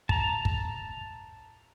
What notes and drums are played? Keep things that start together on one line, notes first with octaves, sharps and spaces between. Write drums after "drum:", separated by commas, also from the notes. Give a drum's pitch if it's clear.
A5 A#5, drum: kick
drum: kick